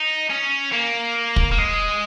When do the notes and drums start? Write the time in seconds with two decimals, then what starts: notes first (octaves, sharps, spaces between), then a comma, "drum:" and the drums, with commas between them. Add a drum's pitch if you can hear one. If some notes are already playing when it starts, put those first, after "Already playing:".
Already playing: D#4
0.30 C#4
0.72 A#3
1.36 drum: kick
1.51 A#3
1.58 G#3